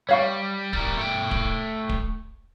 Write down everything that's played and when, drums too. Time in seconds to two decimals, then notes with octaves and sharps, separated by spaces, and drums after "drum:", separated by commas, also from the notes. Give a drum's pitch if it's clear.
0.09 G3 C#5 F5 C#6
0.73 G3 A#4, drum: kick D1
0.97 A3 G5
1.31 drum: kick D1
1.89 drum: kick D1